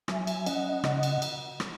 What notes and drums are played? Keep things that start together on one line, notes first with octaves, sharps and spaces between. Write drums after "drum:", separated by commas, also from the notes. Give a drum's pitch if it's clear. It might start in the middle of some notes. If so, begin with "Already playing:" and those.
F#3 E5 G#5, drum: rim click
drum: cymbal
C#4 D#5 F#5, drum: cymbal
C#3 D#5 F#5, drum: rim click
drum: cymbal
drum: cymbal
drum: rim click